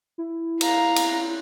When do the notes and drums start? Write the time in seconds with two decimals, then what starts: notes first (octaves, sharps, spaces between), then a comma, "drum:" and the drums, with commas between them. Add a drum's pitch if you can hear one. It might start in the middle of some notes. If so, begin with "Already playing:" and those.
0.18 E4
0.61 F5 A#5, drum: cymbal
0.96 drum: cymbal